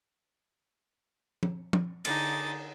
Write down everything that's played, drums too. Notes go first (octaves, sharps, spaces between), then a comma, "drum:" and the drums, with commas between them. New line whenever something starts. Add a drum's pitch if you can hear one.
drum: tom
drum: tom
D3 D#4 G#4 A6, drum: cymbal